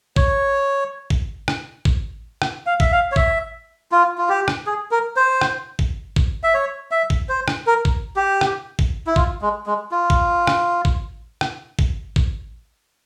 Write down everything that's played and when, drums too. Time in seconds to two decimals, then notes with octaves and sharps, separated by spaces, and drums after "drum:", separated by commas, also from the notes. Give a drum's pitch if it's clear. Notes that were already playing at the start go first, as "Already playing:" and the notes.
0.16 C#5, drum: kick
1.10 drum: kick
1.48 drum: rim click
1.85 drum: kick
2.42 drum: rim click
2.66 F5
2.80 E5, drum: kick
2.92 F5
3.12 C#5
3.16 E5, drum: kick
3.92 F4
4.18 F4
4.29 G4
4.48 drum: rim click
4.67 G#4
4.91 A#4
5.16 C5
5.41 drum: rim click
5.79 drum: kick
6.16 drum: kick
6.44 E5
6.54 C#5
6.91 E5
7.10 drum: kick
7.29 C5
7.48 drum: rim click
7.67 A#4
7.85 drum: kick
8.16 G4
8.41 drum: rim click
8.79 drum: kick
9.07 E4
9.16 F4, drum: kick
9.42 G#3
9.66 G#3
9.91 F4
10.10 drum: kick
10.47 drum: rim click
10.85 drum: kick
11.41 drum: rim click
11.79 drum: kick
12.16 drum: kick